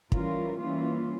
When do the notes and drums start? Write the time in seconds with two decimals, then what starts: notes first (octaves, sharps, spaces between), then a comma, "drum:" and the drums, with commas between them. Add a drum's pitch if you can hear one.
0.12 E3 G3 C#4 F4 A#4, drum: kick
0.59 E3 G3 A#3 C#4 F4